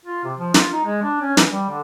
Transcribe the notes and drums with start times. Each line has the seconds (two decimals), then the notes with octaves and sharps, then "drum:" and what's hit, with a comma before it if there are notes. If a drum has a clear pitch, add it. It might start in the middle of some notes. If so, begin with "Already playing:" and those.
0.06 F4
0.24 C3
0.38 F3
0.54 F4, drum: snare
0.72 D#4
0.84 G#3
1.03 D4
1.21 C#4
1.37 E3, drum: snare
1.50 G3
1.69 D3